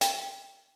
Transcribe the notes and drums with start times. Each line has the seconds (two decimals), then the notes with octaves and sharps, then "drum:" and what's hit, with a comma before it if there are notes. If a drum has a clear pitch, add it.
0.01 G5, drum: hi-hat